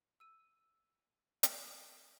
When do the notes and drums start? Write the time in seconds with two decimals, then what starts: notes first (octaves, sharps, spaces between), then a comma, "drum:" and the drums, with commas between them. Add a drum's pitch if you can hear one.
0.20 E6 D#7
1.43 drum: hi-hat